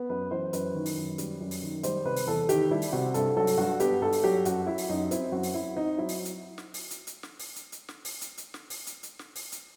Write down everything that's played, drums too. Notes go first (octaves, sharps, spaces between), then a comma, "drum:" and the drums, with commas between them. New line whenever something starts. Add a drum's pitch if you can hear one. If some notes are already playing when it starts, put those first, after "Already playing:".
Already playing: B3
F#2 B4
E3 C5
F#2 B4, drum: hi-hat
D#3
drum: open hi-hat
F#2
G3, drum: hi-hat
F#2
drum: open hi-hat
D#3
G3 C5, drum: hi-hat
C3 B4
drum: open hi-hat
E2 A4
D#3 G4, drum: hi-hat
G3 E4
drum: open hi-hat
C3 F#4
G2 A4, drum: hi-hat
F#3 A4
drum: open hi-hat
G2 F#4
B3 G4, drum: hi-hat
G2 A4
drum: open hi-hat
F#3 G4
F#2 F#4, drum: hi-hat
F#3 E4
drum: open hi-hat
F#2 D#4
C4 E4, drum: hi-hat
F#2 F#4
drum: open hi-hat
F#3 E4
C4 D#4
F#3 E4
drum: open hi-hat
drum: hi-hat
drum: snare
drum: open hi-hat
drum: hi-hat
drum: hi-hat
drum: snare
drum: open hi-hat
drum: hi-hat
drum: hi-hat
drum: snare
drum: open hi-hat
drum: hi-hat
drum: hi-hat
drum: snare
drum: open hi-hat
drum: hi-hat
drum: hi-hat
drum: snare
drum: open hi-hat
drum: hi-hat